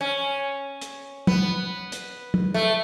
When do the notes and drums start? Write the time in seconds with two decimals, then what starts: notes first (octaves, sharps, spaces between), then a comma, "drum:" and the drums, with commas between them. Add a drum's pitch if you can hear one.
0.01 C#4
0.81 drum: hi-hat
1.27 B3, drum: tom
1.92 drum: hi-hat
2.34 drum: tom
2.54 A3